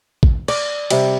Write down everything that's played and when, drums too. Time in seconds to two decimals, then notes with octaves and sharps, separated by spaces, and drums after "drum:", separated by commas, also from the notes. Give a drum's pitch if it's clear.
0.23 drum: kick
0.48 D5, drum: cymbal
0.90 C3 G3, drum: cymbal